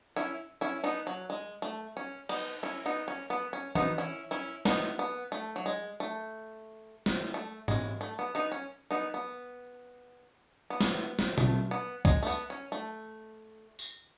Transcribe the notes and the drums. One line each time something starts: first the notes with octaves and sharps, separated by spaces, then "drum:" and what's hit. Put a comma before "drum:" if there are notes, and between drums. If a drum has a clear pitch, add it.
C#4 E4
C#4 E4
B3 D#4
F#3
G#3
A3
C#4
B3 D#4, drum: cymbal
C#4 E4
B3 D#4
C#4
B3
C#4
B3 D#4, drum: tom E3
C#4 E4
C#4 E4
B3 D#4, drum: snare
B3
A3
F#3
G#3
A3
drum: snare
A3
G#3, drum: tom G#2
A3
B3
B3 D#4
C#4
B3 D#4
B3
B3
drum: snare
drum: snare
A3, drum: tom B2
B3
G#3, drum: kick C2
A3
B3, drum: tambourine
C#4
A3
drum: tambourine